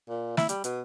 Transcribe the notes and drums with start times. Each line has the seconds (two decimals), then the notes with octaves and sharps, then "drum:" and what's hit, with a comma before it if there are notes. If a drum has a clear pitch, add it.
0.09 A#2
0.37 E4, drum: snare
0.49 G3, drum: hi-hat
0.64 B2, drum: hi-hat